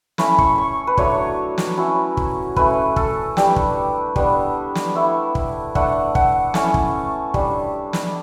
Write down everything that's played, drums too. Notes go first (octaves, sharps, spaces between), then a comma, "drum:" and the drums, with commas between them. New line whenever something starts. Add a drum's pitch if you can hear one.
A3 C#4 E4 B5, drum: snare
C#6, drum: kick
C#6
B4
F#3 A3 D4 C#5, drum: kick
drum: snare
F#3 C#4 E4
drum: kick
A3 C#4 E4 B4, drum: kick
A4, drum: kick
G3 D4 G4, drum: snare
drum: kick
G3 B3 D4, drum: kick
drum: snare
A3 E4
drum: kick
A3 D4 F#5, drum: kick
F#5, drum: kick
A3 C#4 E4 A5, drum: snare
drum: kick
G3 D4, drum: kick
drum: snare